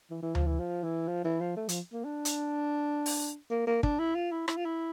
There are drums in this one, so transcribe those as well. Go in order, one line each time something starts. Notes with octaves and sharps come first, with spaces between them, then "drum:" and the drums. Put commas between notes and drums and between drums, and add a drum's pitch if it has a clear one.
E3
E3
F3, drum: tom D2
E3
F3
E3
F3
E3
F3
A3
F3, drum: hi-hat
A#3
D4
drum: hi-hat
drum: open hi-hat
A#3
A#3
D4, drum: kick
E4
F4
E4
E4, drum: rim click
F4
E4